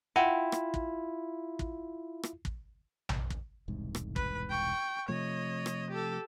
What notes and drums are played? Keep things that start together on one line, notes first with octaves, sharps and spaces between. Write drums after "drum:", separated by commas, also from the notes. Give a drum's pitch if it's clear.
E4 F4 F#5 G5
drum: rim click
drum: kick
drum: kick
drum: rim click
drum: kick
drum: tom A#1
drum: kick
E1 C2 G#2
drum: rim click
B4, drum: kick
G5 C#6
C3 F3 A3 C#5 D#5
drum: rim click
G4 A4